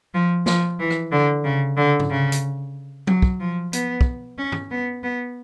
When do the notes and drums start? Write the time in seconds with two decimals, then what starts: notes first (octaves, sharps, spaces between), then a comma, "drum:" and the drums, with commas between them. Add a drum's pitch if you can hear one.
0.14 F3
0.46 F3, drum: snare
0.80 E3
0.90 drum: rim click
1.12 D3
1.44 C#3
1.78 D3
2.00 drum: tom G#2
2.10 C#3
2.32 drum: hi-hat
3.07 F#3, drum: tom F#3
3.22 drum: kick
3.40 F3
3.73 B3, drum: hi-hat
4.01 drum: kick
4.38 C#4
4.52 drum: tom G2
4.71 B3
5.03 B3